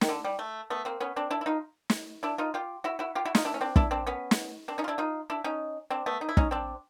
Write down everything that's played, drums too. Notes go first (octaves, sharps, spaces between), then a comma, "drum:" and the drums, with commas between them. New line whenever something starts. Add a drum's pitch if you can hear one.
D#3, drum: snare
D3
G3
A3
A3 B3
A#3 C4
B3 C#4
C4 D4
D4 E4
E4
D#4 F4
drum: snare
D4 E4
D#4 F4
F4 G4
E4 F#4
E4 F#4
F4 G4
E4 F#4
D#4 F4, drum: snare
D4 E4
C#4
C4 D4
D4 E4, drum: kick
C4 D4
B3 C#4
drum: snare
C4 D4
C#4 D#4
F4
D4 E4
D#4 F4
D4 E4
C#4 D#4
C4 D4
A3 B3
D#4
E4
C#4 D#4, drum: kick
C4 D4